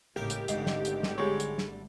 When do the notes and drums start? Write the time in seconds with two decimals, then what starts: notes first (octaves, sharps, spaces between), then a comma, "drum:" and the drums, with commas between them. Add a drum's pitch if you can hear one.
0.16 G#1 D#2 A2 C#3 G4 A#4
0.30 drum: hi-hat
0.48 G#1 C#2 G#2 D3 A3, drum: hi-hat
0.67 drum: snare
0.85 drum: hi-hat
1.03 drum: snare
1.18 G3 G#3 C#5
1.40 drum: hi-hat
1.58 drum: snare